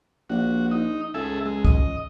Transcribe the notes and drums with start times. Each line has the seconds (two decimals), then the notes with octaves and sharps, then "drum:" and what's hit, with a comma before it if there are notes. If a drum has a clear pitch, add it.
0.30 A#1 F#4
0.71 D#4
1.14 C#2 G#4 A4 E5
1.46 G#3
1.65 D#5, drum: kick